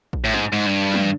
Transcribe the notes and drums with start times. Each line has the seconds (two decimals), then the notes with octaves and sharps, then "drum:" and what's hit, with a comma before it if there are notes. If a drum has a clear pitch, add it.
0.13 drum: kick A#1
0.24 A2
0.34 G#2, drum: snare
0.53 G#2
0.66 G2
0.94 drum: tom